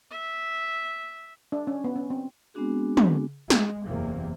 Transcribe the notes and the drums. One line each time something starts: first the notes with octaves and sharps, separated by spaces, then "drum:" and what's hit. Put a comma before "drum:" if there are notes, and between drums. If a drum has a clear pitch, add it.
E5
D4
C#4
B3
C#4
C4
G#3 B3 C4 D4 F#4 G#4
drum: tom
G#3, drum: snare
F#1 E2 C3 A#3